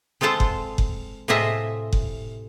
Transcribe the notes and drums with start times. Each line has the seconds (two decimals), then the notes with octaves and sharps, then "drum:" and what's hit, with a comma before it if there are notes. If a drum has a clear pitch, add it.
0.21 G#3 C4 F4 A4 C5 A5
0.40 drum: kick F#1
0.78 drum: kick F#1
1.28 A2 C3 F4 G#4 D#5 E5
1.93 drum: kick F#1